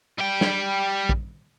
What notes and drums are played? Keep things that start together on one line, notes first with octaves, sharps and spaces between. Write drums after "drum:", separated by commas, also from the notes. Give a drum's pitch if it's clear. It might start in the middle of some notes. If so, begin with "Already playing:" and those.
G3 G5
drum: snare
drum: kick